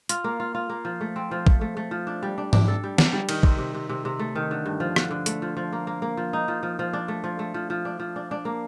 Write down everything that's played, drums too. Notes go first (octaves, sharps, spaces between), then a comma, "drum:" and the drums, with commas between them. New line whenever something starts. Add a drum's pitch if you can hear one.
F4, drum: hi-hat
A#3
F4
F4
A#3
F3
A3
C4
F3
A3, drum: kick
A3
A3
F3
D4
G3
D4
D4, drum: tom G#2
A4
G3
D4, drum: snare
G3
D#3, drum: cymbal
C3, drum: kick
C3
C3
C3
C3
A3
D#3
D3
G2
F3
D3, drum: rim click
D3
A3, drum: hi-hat
F3
F3
A#3
A#3
A#3
F3
D#4
F3
F3
F3
D4
A3
F3
A3
F3
F3
D4
F3
D4
D4
A#3